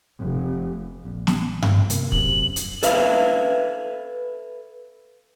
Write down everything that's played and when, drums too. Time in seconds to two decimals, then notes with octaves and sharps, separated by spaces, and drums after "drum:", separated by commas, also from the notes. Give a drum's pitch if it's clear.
0.19 F1
1.05 A#1
1.27 drum: snare
1.62 drum: tom G2
1.90 F1 C3 A#3, drum: hi-hat
2.12 F#2 C3 F#7, drum: kick
2.56 drum: hi-hat
2.83 A4 B4 E5 F5, drum: hi-hat